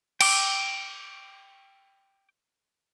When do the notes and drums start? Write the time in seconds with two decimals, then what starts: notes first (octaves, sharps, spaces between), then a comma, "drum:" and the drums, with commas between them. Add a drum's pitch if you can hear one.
0.21 G5 D6, drum: cymbal